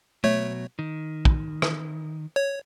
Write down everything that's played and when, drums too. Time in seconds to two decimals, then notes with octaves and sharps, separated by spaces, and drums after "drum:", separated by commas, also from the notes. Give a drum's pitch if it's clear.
0.24 B2 F#3 A3 C#5
0.79 D#3
1.25 drum: kick
1.62 drum: rim click
2.36 C#5